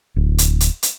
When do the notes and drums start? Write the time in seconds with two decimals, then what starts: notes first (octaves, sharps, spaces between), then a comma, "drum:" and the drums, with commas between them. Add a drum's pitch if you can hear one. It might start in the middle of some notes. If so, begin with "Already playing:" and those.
0.16 D1
0.38 drum: hi-hat
0.60 drum: hi-hat
0.83 drum: hi-hat